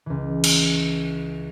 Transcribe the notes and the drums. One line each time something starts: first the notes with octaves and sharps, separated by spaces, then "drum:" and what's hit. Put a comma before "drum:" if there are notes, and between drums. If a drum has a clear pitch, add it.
C#2 E3
drum: cymbal